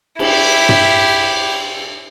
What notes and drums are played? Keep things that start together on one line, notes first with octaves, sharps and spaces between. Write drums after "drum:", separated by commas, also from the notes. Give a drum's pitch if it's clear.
E4 G4, drum: cymbal
drum: tom